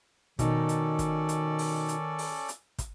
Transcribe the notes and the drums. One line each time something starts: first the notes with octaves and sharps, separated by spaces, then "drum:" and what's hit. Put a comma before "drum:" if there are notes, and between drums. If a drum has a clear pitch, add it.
B2 D#3 C#4 D#4 A4 D5, drum: kick, hi-hat
drum: hi-hat
drum: kick, hi-hat
drum: hi-hat
drum: open hi-hat
drum: hi-hat
drum: open hi-hat
drum: hi-hat
drum: kick, hi-hat